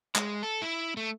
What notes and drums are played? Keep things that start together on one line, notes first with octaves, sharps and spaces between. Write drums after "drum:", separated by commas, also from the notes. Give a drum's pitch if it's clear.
G#3, drum: clap
A4
E4
A3